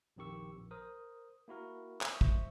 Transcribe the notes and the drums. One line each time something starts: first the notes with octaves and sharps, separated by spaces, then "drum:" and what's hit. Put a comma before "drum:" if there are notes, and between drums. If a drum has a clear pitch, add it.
A#1 F2 D#3 G4 C#6 E6
A#1
A#4 C5 D#6
A#3 E4 F#4 A#4
drum: clap
C5 D#5 E5 C#6
drum: kick